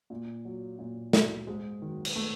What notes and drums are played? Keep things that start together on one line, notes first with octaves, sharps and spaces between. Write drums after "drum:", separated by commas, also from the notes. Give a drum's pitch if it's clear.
A#2
F#3
A#2
F#3, drum: snare
G#2 G#3
D#3 F#3
drum: cymbal
A3